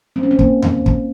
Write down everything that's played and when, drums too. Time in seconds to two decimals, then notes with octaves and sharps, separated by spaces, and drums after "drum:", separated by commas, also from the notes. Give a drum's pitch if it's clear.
0.16 C4
0.23 C#4
0.31 C4
0.39 A#3, drum: kick
0.62 drum: tom D#2
0.86 drum: kick